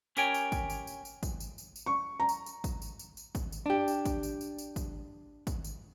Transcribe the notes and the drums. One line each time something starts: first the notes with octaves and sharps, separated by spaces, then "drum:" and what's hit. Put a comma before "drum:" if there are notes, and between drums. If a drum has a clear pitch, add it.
C#4 G4 A#4 C#5 G5 G#5, drum: tambourine
drum: tambourine
drum: kick, tambourine
drum: tambourine
drum: tambourine
drum: tambourine
drum: kick, tambourine
drum: tambourine
drum: tambourine
drum: tambourine
C#6
A#5
drum: tambourine
drum: tambourine
drum: kick, tambourine
drum: tambourine
drum: tambourine
drum: tambourine
drum: kick, tambourine
drum: tambourine
D4 G4
drum: tambourine
drum: kick, tambourine
drum: tambourine
drum: tambourine
drum: tambourine
drum: kick, tambourine
drum: kick, tambourine
drum: tambourine